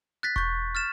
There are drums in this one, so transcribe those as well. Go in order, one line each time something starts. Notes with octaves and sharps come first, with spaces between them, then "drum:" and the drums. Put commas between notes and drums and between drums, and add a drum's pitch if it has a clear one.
F#6 A6 B6
C#6 G6, drum: kick E1
F6 A6 E7